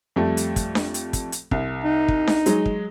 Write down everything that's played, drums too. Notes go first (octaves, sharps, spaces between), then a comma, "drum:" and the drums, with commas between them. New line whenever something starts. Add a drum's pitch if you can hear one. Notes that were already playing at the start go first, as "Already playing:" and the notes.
F2 G3 A3
drum: hi-hat
drum: kick, hi-hat
drum: snare D4
drum: hi-hat
drum: kick, hi-hat
drum: hi-hat
C2, drum: kick
D#4
drum: kick
drum: snare D4
F#3 G#3, drum: hi-hat
drum: kick